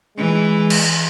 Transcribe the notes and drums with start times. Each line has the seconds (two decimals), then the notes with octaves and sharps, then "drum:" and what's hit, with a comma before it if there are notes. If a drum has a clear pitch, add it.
0.18 E3 G#3
0.70 drum: cymbal